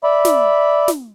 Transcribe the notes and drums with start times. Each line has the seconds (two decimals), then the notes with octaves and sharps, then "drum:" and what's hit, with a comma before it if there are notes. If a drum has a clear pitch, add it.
0.04 D5 E5 B5
0.25 drum: snare
0.88 drum: snare